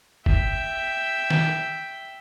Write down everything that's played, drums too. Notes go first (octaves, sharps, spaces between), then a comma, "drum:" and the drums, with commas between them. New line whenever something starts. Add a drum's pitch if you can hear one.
E5 G5, drum: kick F1
drum: snare D#3